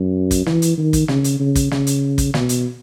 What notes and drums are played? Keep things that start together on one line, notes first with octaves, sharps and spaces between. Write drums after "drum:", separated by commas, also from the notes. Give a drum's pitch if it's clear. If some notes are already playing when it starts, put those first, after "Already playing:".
Already playing: F#2
drum: kick, hi-hat
E3, drum: snare
drum: hi-hat
D#3
drum: kick, hi-hat
C#3, drum: snare
drum: hi-hat
C#3
drum: kick, hi-hat
C#3, drum: snare
drum: hi-hat
drum: kick, hi-hat
B2, drum: snare
drum: hi-hat